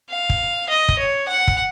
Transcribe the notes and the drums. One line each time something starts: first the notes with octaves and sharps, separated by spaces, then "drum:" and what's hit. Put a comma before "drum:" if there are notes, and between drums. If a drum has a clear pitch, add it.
F5
drum: kick
D#5
drum: kick
C#5
F#5
drum: kick